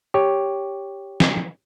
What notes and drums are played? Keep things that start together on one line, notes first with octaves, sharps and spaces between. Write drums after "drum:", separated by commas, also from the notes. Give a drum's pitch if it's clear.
G4 C#5
drum: snare